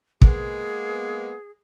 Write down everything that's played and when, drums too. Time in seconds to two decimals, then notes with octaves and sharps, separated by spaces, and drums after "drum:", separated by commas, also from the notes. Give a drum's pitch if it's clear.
0.22 G#3 A#3 B3 G#4, drum: kick